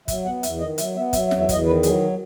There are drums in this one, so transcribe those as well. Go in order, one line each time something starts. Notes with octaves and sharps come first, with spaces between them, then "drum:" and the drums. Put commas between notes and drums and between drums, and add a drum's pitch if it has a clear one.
F#3 E5, drum: kick, hi-hat
B3 F#5
E2 E5, drum: hi-hat
D#3 D#5
F#3 E5, drum: hi-hat
B3 E5
F#3 E5, drum: kick, hi-hat
E5
E2, drum: snare
E5
E2 D#5, drum: kick, hi-hat
D#3 B4
F#3 G#4, drum: hi-hat